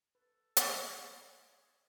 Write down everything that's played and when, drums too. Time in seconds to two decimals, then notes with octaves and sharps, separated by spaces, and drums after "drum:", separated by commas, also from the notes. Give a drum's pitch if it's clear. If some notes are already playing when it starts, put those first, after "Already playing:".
0.15 A4 B4
0.57 drum: hi-hat
1.06 G#4 C5 D5 E5